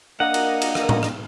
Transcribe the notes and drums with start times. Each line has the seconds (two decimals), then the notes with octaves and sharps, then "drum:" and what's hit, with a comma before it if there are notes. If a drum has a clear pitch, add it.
0.20 A#3 D4 A#4 D#5 F#5
0.34 drum: cymbal
0.62 drum: cymbal
0.75 drum: rim click
0.89 drum: tom A2
1.03 drum: rim click